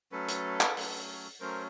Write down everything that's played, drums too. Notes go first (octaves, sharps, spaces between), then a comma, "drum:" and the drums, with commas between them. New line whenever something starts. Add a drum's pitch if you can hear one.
F#3 A3 C#4 A4 B4
drum: hi-hat
drum: clap
F#3 A3 C#4, drum: open hi-hat
F#3 A3 C#4 A#4 C5